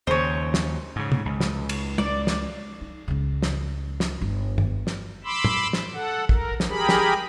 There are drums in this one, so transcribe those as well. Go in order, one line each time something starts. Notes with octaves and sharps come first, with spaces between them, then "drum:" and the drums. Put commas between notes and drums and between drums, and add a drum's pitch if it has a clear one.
D#2 C#3 C5 C#5
drum: snare
G#2 C#3
drum: tom
C#2
drum: snare
drum: cymbal
D5, drum: tom
drum: snare
D#4
C#2 C#3
drum: snare
drum: snare
G1 F4
drum: tom
drum: snare
B5 C6 D6 E6
drum: tom
drum: snare
A4 F#5
A#4, drum: kick
drum: snare
G4 G#4 A#4 B5
drum: snare